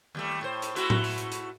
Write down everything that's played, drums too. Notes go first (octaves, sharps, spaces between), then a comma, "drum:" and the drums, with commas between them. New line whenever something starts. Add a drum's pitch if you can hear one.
D#2 G3 A3
A2 C5
drum: hi-hat
A3 E4 F#4, drum: hi-hat
drum: tom A2
drum: open hi-hat
drum: hi-hat
drum: hi-hat